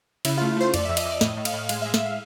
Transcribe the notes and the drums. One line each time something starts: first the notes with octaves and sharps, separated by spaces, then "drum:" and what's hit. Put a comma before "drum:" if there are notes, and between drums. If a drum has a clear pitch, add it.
C#3 E4, drum: cymbal
A3 F4
A3 C5
F2 D5, drum: cymbal
F2 E5
D#5, drum: cymbal
F2 D5
A2 D#5, drum: snare
A2
F5, drum: cymbal
A2
G#3 F5, drum: cymbal
E5
G#3
E5, drum: snare
F5